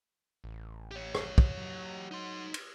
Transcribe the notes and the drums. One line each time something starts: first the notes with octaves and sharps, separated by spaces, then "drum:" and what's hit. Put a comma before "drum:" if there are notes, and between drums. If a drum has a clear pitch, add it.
A1
G4 C#5
drum: rim click
drum: kick
F#3
D#4 C6
drum: cymbal